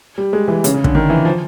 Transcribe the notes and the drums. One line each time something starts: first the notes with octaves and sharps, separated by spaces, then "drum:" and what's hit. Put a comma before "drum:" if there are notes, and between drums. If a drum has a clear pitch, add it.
G3
G#3
E3
C#3, drum: hi-hat
C#3
D3, drum: kick
D#3
E3
F3